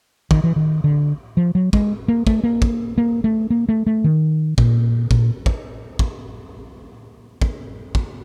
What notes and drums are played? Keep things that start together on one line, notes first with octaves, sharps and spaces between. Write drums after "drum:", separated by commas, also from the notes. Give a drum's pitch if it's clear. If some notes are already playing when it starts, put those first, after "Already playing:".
D#3, drum: kick
E3
D#3
D3
F3
F#3
G#3, drum: kick
A#3
A3, drum: kick
A#3
drum: kick
A#3
A3
A#3
A3
A3
D#3
A#2, drum: kick
A#2, drum: kick
drum: kick
drum: kick
drum: kick
drum: kick